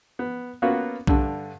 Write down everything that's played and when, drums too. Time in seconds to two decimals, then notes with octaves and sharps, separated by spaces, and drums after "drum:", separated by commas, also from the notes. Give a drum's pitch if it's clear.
0.19 B3
0.62 A#3 B3 C#4 F4 F#4
1.07 G2 D3, drum: kick B1